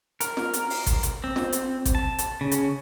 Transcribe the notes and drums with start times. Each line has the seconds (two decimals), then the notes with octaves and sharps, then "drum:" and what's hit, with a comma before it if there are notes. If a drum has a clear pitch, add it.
0.20 A#4, drum: hi-hat
0.37 drum: snare
0.53 drum: hi-hat
0.70 drum: open hi-hat
0.86 drum: kick G#1, hi-hat
1.03 drum: hi-hat
1.24 C4
1.36 drum: snare
1.52 drum: hi-hat
1.85 drum: kick G#1, hi-hat
1.95 A5
2.18 drum: hi-hat
2.41 C#3
2.51 drum: hi-hat